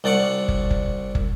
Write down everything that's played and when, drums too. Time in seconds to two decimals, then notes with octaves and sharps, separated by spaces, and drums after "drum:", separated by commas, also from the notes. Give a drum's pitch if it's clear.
0.04 C2 D4 D5 F#5 C#6
0.48 drum: kick
0.71 drum: kick
1.15 drum: kick